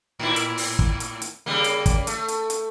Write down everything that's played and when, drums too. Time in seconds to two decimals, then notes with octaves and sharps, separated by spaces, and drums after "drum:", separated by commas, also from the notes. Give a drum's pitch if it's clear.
0.19 A2 E4
0.36 drum: hi-hat
0.58 drum: open hi-hat
0.79 drum: kick
1.00 drum: hi-hat
1.22 drum: hi-hat
1.46 C#3 G3 A#3
1.64 drum: hi-hat
1.86 drum: kick, hi-hat
2.07 A3, drum: hi-hat
2.28 drum: hi-hat
2.50 drum: hi-hat